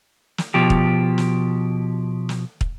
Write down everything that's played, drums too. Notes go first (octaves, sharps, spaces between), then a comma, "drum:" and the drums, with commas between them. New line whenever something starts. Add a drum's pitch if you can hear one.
drum: snare
B2 F3 G4
drum: kick
drum: snare
drum: snare
drum: kick